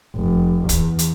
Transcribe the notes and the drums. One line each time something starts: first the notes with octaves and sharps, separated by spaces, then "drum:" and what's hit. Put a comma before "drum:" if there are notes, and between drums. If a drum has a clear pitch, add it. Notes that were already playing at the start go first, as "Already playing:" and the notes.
F1
E2, drum: kick, hi-hat
drum: hi-hat